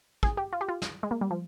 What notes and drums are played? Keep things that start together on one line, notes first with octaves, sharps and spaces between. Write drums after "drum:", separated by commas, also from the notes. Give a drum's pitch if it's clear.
G#4, drum: kick
G4
F4
G4
F4
drum: snare
G#3
A#3
G3
F3